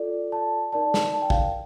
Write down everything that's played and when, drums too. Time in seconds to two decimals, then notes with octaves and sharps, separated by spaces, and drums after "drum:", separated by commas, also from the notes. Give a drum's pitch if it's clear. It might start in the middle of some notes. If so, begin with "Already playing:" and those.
Already playing: F4 A4 D5
0.32 A5
0.73 D#4 A#4 D5 A5
0.94 drum: snare
1.14 A5
1.22 G5
1.30 F5, drum: kick
1.39 G5